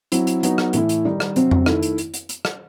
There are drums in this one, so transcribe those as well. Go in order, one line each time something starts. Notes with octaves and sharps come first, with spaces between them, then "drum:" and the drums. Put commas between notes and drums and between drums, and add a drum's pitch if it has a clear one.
F#3 C4 E4, drum: hi-hat
drum: hi-hat
F#3 B3 D#4, drum: hi-hat
drum: rim click
A2 E3 A3 E4, drum: hi-hat
drum: hi-hat
D#3 G3 D#4
drum: rim click
C3 F#3 C4, drum: hi-hat
drum: tom F2
D#3 A3 E4, drum: rim click
drum: hi-hat
drum: hi-hat
drum: hi-hat
drum: hi-hat
drum: rim click